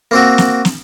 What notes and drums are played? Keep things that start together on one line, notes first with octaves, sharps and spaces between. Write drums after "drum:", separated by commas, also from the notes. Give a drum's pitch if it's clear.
A#3 C4 F#4
drum: snare
drum: snare